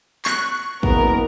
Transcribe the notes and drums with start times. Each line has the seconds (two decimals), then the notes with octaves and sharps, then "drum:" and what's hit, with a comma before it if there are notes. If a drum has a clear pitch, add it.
0.25 C#6 F#6, drum: clap
0.83 F#1 B3 A#4, drum: kick